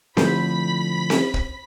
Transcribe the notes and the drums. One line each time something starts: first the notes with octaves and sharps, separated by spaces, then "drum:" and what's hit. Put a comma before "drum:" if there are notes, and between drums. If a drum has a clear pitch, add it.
D3 F3 A3 C4 E4 C5 B5 B6, drum: snare C4
drum: snare C4
drum: kick